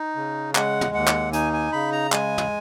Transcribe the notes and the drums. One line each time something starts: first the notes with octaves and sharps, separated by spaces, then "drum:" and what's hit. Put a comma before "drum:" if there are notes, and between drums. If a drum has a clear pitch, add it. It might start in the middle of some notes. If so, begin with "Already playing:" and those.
Already playing: D#4
C#3
G#3 F#5, drum: clap
drum: tom
D#2 F#5
drum: clap
D#4 G#5, drum: hi-hat
G#5
C#3 B5
A#5
G#3 G#5, drum: clap
drum: tom